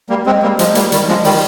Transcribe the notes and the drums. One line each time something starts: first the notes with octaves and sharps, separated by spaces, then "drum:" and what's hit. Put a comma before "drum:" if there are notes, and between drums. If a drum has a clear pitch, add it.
G3 A#3
G#3 C4
G3 A#3
F3 G#3, drum: hi-hat
G3 A#3, drum: hi-hat
D#3 G3, drum: hi-hat
F3 G#3, drum: snare
D#3 G3, drum: open hi-hat